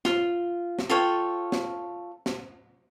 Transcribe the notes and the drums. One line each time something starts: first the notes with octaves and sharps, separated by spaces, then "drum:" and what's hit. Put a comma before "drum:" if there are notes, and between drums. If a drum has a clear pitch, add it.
F4, drum: snare
drum: snare
F4 A4 C#5 G5
drum: snare
drum: snare